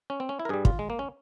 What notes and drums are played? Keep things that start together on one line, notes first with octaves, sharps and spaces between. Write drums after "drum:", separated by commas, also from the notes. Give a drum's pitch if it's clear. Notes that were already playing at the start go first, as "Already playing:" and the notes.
C#4
C4
C#4
E4
A#4
G2 G3 G#4
F4, drum: kick
G#3
A#3
C#4